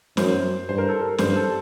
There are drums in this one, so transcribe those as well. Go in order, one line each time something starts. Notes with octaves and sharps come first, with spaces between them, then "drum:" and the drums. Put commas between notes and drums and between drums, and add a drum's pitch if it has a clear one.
F#2 C5, drum: snare
G2 C5
A#4
A4
A#4
G2 C5, drum: snare
A4